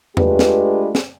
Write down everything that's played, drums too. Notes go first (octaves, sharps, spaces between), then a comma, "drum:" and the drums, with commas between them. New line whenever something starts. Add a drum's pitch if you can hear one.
G#3 A3 D4 F4 G4 B4, drum: tom E2
drum: snare
drum: snare